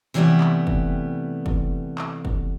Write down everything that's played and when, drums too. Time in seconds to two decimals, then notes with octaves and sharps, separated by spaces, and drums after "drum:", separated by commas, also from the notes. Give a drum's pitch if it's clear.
0.14 C3 E3 F#3 G3 A3 B3
0.41 drum: clap
0.67 drum: kick
1.46 drum: kick
1.98 drum: clap
2.25 drum: kick